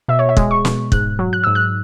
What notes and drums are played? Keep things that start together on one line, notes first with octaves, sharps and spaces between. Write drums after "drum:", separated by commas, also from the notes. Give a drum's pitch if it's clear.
B2 E5
C#5
E5
G#3, drum: kick
C#6
B2, drum: snare
G#2 F#6, drum: kick
F#3
F#6
G#2 E6
F#6